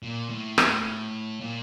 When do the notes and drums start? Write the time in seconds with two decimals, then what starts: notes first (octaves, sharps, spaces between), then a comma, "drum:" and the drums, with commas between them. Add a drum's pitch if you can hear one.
0.03 A#2
0.30 A2
0.58 drum: rim click
1.41 A#2